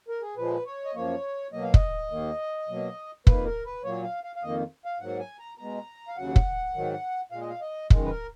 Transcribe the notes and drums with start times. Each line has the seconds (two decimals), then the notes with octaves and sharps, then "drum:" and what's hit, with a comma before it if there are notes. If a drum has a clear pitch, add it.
0.08 A#4
0.22 G#4
0.36 A#2 F3 G#3 B4
0.66 C#5
0.85 D#5
0.94 F#2 F3 A#3 C#5
1.52 B2 F#3 A#3 D#5
1.63 F5
1.74 D#5, drum: kick
2.11 D#2 D#3 A#3
2.68 B2 F#3 A#3
3.27 F2 D#3 A#3 B4, drum: kick
3.46 A#4
3.65 B4
3.84 A#2 F#3 A#3 C#5
4.03 F5
4.24 F5
4.36 F5
4.42 F2 D#3 A#3 D#5
4.85 F5
5.00 G#2 F#3 A#3 F#5
5.20 G#5
5.40 A#5
5.58 B2 G#3 A#5
6.08 F5
6.16 D#2 C#3 F#3 F#5
6.36 drum: kick
6.75 G#2 D#3 F#3
7.32 A#2 G#3 F5
7.41 D#5
7.50 F5
7.61 D#5
7.90 F#2 D#3 G#3, drum: kick
8.05 B4
8.09 A#4